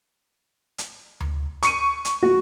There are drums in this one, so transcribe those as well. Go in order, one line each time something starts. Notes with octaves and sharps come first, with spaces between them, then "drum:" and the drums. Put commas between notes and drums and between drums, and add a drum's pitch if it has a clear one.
drum: hi-hat
drum: tom D2
C#6 C#7 D#7, drum: hi-hat
drum: hi-hat
F#4